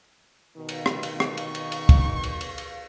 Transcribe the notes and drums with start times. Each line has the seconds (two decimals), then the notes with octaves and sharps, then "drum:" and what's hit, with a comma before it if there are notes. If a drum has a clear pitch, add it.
0.57 B2 D#3
0.69 drum: cymbal
0.86 drum: rim click
1.03 drum: cymbal
1.20 drum: rim click
1.37 C#6, drum: cymbal
1.55 drum: cymbal
1.72 drum: cymbal
1.89 drum: kick, cymbal
2.23 drum: cymbal
2.41 drum: cymbal
2.58 drum: cymbal